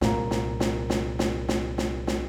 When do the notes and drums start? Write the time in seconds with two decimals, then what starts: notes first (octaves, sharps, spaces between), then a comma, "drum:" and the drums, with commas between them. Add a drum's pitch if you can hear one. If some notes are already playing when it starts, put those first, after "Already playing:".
0.01 C2 A#2 A#3, drum: snare
0.31 drum: snare
0.60 drum: snare
0.90 drum: snare
1.19 drum: snare
1.49 drum: snare
1.78 drum: snare
2.07 drum: snare